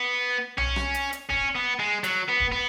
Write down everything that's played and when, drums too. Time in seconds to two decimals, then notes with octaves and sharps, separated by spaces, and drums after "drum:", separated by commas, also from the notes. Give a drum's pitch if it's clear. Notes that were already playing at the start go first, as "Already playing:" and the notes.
Already playing: B3
0.58 C#4, drum: tom B1
0.76 drum: rim click
0.94 drum: hi-hat
1.13 drum: hi-hat
1.30 C#4, drum: kick
1.56 B3
1.80 G#3
2.04 F#3, drum: hi-hat
2.28 B3
2.40 drum: kick
2.52 B3